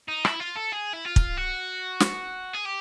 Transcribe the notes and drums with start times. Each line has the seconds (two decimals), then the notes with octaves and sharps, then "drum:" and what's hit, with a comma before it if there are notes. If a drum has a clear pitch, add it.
0.08 D#4
0.25 E4, drum: rim click
0.40 F4
0.57 A4
0.73 G#4
0.93 E4
1.05 F4
1.16 drum: kick
1.37 F#4
2.00 drum: snare
2.54 G#4
2.66 G4